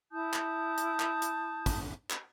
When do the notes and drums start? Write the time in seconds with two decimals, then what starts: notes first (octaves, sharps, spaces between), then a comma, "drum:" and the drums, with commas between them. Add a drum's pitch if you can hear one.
0.11 E4 A5 D#6 G6
0.33 drum: clap
0.78 drum: hi-hat
1.00 drum: clap
1.22 drum: hi-hat
1.66 drum: kick, hi-hat
2.10 drum: clap